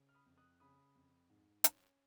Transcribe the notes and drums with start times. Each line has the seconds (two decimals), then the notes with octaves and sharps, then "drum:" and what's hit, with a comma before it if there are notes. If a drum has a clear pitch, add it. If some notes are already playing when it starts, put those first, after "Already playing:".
Already playing: C#3
0.09 F6
0.15 B5 D#6
0.26 F2
0.38 D#6 F#6
0.60 C#3 B5 D#6
0.95 F2
1.30 G#2
1.64 C#4, drum: hi-hat